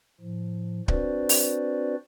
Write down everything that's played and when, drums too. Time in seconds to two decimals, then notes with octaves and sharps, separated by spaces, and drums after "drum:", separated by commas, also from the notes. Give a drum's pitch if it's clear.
0.21 A2 F3
0.88 C4 D4 F#4 B4 C5 D5, drum: kick D1
1.29 drum: open hi-hat